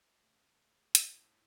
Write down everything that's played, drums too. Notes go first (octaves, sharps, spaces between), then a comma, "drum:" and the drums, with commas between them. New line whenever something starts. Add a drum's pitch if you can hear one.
C#3 A3
A2, drum: hi-hat